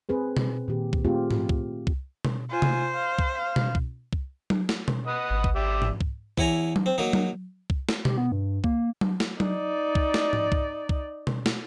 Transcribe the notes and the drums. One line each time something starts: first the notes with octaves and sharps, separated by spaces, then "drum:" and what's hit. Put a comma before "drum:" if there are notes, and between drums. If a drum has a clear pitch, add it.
C4 G#4 B4 C5
drum: tom B2
A#2 D#3 G4
drum: kick C2
A3 C4 F4 G4 G#4
drum: tom G#2
drum: kick C2
drum: kick C2
drum: tom B2
F4 C5 G#5
drum: tom C3
F5
drum: kick C2
F5
drum: tom B2
drum: kick C2
drum: kick C2
drum: tom F#3
drum: snare
drum: tom B2
B4 D#5 F#5
G#1
drum: kick C2
G4 D5 E5
drum: tom G#2
drum: kick C2
E2 E4 C#5 G#5 A#5, drum: kick C2
drum: tom F#3
C4
F#3 A#3 D#4
drum: tom F#3
drum: kick C2
drum: snare
G4, drum: tom B2
B3
G2
A#3, drum: kick C2
drum: tom F#3
drum: snare
D#4 D5, drum: tom F#3
drum: kick C2
drum: snare
drum: tom G#2
drum: kick C2
drum: kick C2
drum: tom B2
drum: snare